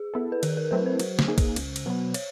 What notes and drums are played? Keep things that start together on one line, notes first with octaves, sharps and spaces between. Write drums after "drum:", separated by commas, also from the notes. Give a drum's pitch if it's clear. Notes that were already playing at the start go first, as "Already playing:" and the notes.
Already playing: G#4
B3 E4 A4
B4
D#3 A#4, drum: cymbal
A#4
F#3 A3 C4 E4 B4
C5
F#3, drum: cymbal
drum: snare
A#3 D#4 G#4
drum: kick, cymbal
C#2, drum: cymbal
drum: cymbal
B2 F#3 B3
C#5, drum: cymbal